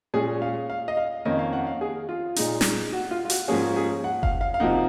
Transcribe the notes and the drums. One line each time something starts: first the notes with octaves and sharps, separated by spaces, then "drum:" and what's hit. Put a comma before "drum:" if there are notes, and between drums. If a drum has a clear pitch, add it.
A#2 G#3 C#4 G#4
F5
F5
D#5
F5
F2 D#3 A#3 C#4 D#5
F5
F#5
F5
G#4
F4
A#2 G#3 D#4, drum: hi-hat
drum: snare
F#4
F4
F4
F#4, drum: hi-hat
G#2 F3 A#3 C#4 G#4
G#4
F#5
F5, drum: kick F#1
F5
F5
C3 F3 A#3 D#4 F#5